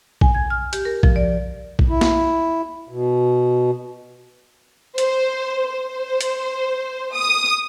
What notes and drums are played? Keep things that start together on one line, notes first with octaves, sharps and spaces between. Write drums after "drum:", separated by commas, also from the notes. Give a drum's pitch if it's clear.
G#5, drum: kick A#1
G#6
F6
G4, drum: hi-hat
A#4
F3, drum: kick A#1
D5
drum: kick A#1
E4
drum: snare
B2
C5, drum: hi-hat
C5
drum: hi-hat
D#6